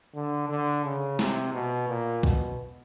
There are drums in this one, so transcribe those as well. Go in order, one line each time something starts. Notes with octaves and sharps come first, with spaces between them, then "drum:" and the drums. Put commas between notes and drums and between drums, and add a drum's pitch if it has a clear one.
D3
D3
C#3
C3, drum: snare
B2
A#2
B2, drum: kick